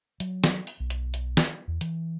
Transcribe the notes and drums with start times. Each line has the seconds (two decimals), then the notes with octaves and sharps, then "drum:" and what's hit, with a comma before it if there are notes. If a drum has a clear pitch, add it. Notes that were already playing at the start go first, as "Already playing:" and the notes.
0.20 F#3, drum: hi-hat
0.44 drum: snare
0.67 drum: open hi-hat
0.80 B1
0.90 drum: hi-hat
1.14 drum: hi-hat
1.37 drum: snare
1.68 E2
1.81 E3, drum: hi-hat